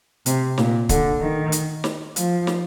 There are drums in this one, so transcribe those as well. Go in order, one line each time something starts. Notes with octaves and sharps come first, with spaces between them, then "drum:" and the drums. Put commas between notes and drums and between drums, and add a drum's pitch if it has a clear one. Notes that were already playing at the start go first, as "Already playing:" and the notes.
C3, drum: hi-hat
A#2, drum: snare
D3, drum: kick, hi-hat
D#3
drum: hi-hat
drum: snare
F3, drum: hi-hat
drum: snare